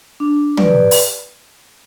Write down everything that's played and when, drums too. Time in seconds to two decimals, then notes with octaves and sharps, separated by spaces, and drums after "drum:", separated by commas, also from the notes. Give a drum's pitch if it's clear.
0.20 D4
0.57 G4 B4 D5, drum: tom
0.91 drum: open hi-hat